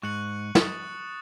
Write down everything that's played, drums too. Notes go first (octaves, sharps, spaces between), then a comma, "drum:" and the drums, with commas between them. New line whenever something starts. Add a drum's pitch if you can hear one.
G#2 C#6 F#6 C#7 F#7
D#6 A6 C#7 E7, drum: snare